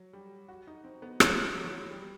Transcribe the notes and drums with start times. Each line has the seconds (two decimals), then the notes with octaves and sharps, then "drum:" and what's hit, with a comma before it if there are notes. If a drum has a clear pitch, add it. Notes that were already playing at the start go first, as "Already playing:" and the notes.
Already playing: F#3
0.13 G3
0.48 F#4
0.67 D#4
0.84 C4
1.02 B3
1.20 A3, drum: rim click
1.56 F#3
1.64 E3
1.73 F#3
1.91 G3